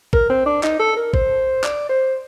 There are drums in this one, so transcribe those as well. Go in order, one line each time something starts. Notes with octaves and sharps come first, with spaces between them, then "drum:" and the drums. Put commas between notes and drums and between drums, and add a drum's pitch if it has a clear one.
A#4, drum: kick
C4
D4
D#4, drum: clap
A4
A#4
C5, drum: kick
D5, drum: clap
C5